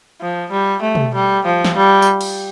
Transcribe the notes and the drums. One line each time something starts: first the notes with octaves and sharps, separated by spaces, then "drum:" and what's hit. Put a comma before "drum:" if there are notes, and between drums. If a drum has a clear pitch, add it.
F3
G3
A3
drum: tom B2
G3
F3
drum: snare
G3
drum: tambourine
drum: cymbal